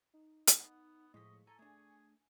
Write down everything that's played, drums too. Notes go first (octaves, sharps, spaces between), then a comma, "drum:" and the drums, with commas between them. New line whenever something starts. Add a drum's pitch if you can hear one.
D#4
drum: hi-hat
B3 F#5
A2 F3 G#3 D#5 C#6 B6
A4 G#5 A#5
A3 D4 G#4